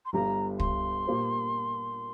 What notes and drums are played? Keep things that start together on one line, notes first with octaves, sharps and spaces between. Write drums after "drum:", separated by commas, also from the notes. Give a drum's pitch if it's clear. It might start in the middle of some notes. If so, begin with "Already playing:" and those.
C6
G1 G2 G3 A#5
C6, drum: kick
A#2 A#3 G4 C5